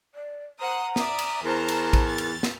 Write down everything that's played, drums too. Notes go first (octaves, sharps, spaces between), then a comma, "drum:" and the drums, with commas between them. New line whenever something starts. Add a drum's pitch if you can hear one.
D5
C5 F#5 A#5 D#6
D5 E5 D#6, drum: snare
drum: cymbal
E2 A#4 C5 A5 A#5
drum: cymbal
drum: kick, cymbal
A6
drum: cymbal
drum: snare